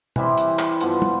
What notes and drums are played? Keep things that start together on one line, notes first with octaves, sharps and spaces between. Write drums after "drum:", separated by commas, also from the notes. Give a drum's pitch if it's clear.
E3 G3 C4 G4, drum: tom
drum: hi-hat
drum: clap
G2 F3 B3, drum: hi-hat
drum: tom